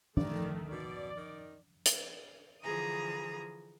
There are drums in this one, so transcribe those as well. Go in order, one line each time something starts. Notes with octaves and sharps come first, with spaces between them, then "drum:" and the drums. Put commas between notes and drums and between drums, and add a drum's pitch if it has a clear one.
D#3 A3 D5, drum: tom F3
B2 D5
D#3
drum: hi-hat
D3 E3 F3 G#4 A#5 D#6